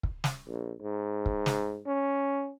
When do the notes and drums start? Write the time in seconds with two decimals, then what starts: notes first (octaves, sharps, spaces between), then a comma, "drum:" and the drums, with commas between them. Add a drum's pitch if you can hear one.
0.03 drum: kick
0.24 drum: snare
0.47 A#1
0.81 G#2
1.26 drum: kick
1.46 drum: snare
1.87 C#4